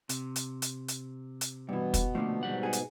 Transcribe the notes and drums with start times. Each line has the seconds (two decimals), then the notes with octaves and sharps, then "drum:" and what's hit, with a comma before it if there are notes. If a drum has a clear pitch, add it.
0.09 C3, drum: hi-hat
0.36 drum: hi-hat
0.62 drum: hi-hat
0.88 drum: hi-hat
1.41 drum: hi-hat
1.69 G2 B2 E3 B3
1.94 drum: kick, hi-hat
2.15 A#2 D3 F3 A3
2.43 G#2 B2 G3 F#5
2.63 F#4 G#4
2.73 drum: hi-hat